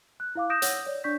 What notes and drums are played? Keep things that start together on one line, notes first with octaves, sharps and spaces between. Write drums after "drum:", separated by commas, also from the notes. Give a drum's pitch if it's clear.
F#6
E4 F5 D6
D#6 G6 A#6 D7 E7
C#5 F#5 E6 G6 A#6, drum: hi-hat
C#5 D5
D4 D5 C#6 G6 B6